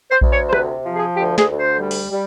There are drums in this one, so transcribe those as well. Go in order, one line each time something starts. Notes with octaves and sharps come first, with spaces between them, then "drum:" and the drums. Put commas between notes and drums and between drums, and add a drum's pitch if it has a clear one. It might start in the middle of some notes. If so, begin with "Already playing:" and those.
C5
D2, drum: kick A#1
C#5
C5
C3 B4, drum: rim click
F3
G#4
D2 G4
G#4, drum: snare
D2
C5
G3
drum: open hi-hat
G3